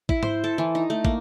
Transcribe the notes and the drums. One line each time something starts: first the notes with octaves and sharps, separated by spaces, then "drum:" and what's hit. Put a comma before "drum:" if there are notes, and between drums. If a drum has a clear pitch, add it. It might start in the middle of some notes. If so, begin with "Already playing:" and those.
E4, drum: kick
C5, drum: tom G#2
A4
E3
D#4
A3
A#3, drum: kick